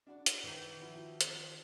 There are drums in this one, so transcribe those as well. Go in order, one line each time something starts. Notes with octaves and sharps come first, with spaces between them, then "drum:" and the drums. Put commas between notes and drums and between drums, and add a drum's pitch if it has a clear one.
D4 F#4 D5
drum: hi-hat
D#3 E3
F3 E4 F#4
F3 C4 C5, drum: hi-hat